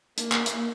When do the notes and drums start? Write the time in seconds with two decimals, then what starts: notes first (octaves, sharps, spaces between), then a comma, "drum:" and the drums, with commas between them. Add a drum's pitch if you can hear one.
0.18 A#3, drum: hi-hat
0.32 drum: clap
0.46 drum: hi-hat